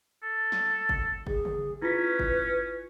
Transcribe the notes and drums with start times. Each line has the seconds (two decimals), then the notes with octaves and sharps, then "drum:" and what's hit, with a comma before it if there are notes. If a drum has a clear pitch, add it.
0.23 A4
0.52 drum: snare
0.89 drum: kick G1
1.27 G#4, drum: kick G1
1.45 drum: tom C#3
1.82 C#4 E4 F4 B4 B6
2.19 drum: kick G1